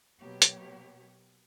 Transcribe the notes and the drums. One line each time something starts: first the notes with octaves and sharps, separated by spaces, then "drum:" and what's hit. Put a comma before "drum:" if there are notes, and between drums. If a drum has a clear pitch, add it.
B2 F#3 A#3 B3 G4 C#5
drum: hi-hat